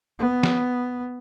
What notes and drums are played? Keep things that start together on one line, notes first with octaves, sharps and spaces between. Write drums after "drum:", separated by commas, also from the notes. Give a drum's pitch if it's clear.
B3
drum: snare